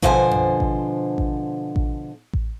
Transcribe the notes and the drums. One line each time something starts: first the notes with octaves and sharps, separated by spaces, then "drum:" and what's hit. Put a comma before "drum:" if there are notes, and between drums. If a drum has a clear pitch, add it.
B2 D3 F3 C5 E5 G#5, drum: kick A1
drum: tom F#2
drum: kick A1
drum: kick A1
drum: kick A1
drum: kick A1